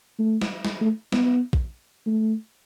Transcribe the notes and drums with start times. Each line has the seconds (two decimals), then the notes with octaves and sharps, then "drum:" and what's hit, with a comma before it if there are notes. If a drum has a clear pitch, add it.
0.19 A3
0.41 drum: snare
0.65 drum: snare
0.81 A3
1.12 B3, drum: snare
1.53 drum: kick
2.06 A3